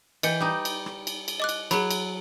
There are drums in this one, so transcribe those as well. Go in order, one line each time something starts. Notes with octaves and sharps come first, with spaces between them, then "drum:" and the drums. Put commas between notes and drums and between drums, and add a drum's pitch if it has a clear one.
E3 D#5 G5 C#7, drum: cymbal
G3 D#4
drum: cymbal
drum: rim click
drum: cymbal
drum: cymbal
D#5 D6 F#6
drum: cymbal
F#3 G#4 B5, drum: cymbal
drum: cymbal